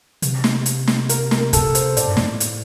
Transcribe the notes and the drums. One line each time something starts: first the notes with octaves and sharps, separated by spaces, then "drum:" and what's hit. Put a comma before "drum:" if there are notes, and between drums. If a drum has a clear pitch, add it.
C3, drum: hi-hat
drum: snare
drum: hi-hat
drum: snare
A#4, drum: hi-hat
A#4, drum: snare
A4, drum: kick, hi-hat
C5, drum: hi-hat
A2 D5, drum: hi-hat
G2
A2, drum: snare
drum: hi-hat